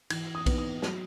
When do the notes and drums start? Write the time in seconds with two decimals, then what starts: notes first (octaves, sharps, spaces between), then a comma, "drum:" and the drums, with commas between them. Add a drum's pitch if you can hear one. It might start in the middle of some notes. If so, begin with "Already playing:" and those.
0.10 E3 G#6, drum: cymbal
0.35 D#6
0.46 B3 D#4, drum: kick B1, cymbal
0.58 D#6
0.82 F#3, drum: snare